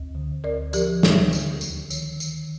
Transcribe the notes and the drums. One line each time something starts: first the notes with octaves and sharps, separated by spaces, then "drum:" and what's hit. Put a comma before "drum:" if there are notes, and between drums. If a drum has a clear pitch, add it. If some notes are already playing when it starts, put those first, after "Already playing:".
Already playing: D2
D3
D2 A#4 D5
F3 G4 A#4, drum: tambourine
D2, drum: snare
D3, drum: tambourine
D#2, drum: tambourine
D#3, drum: tambourine
D#3, drum: tambourine